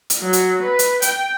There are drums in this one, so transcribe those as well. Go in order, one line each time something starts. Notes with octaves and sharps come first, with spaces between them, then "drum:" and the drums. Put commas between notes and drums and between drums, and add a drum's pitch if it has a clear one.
drum: hi-hat
F#3
drum: hi-hat
B4
drum: hi-hat
G5, drum: hi-hat